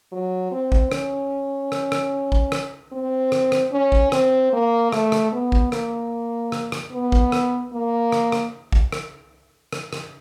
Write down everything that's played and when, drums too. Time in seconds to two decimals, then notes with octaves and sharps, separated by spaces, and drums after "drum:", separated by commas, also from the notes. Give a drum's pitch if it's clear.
0.12 F#3
0.52 C4
0.72 drum: kick A1
0.92 C#4, drum: rim click
1.72 drum: rim click
1.92 drum: rim click
2.32 drum: kick A1
2.52 drum: rim click
2.92 C4
3.32 drum: rim click
3.52 drum: rim click
3.72 C#4
3.92 drum: kick A1
4.12 C4, drum: rim click
4.53 A#3
4.92 A3, drum: rim click
5.12 drum: rim click
5.32 B3
5.52 drum: kick A1
5.72 A#3, drum: rim click
6.52 drum: rim click
6.72 drum: rim click
6.92 B3
7.12 drum: kick A1
7.32 drum: rim click
7.73 A#3
8.12 drum: rim click
8.32 drum: rim click
8.72 drum: kick A1
8.92 drum: rim click
9.73 drum: rim click
9.93 drum: rim click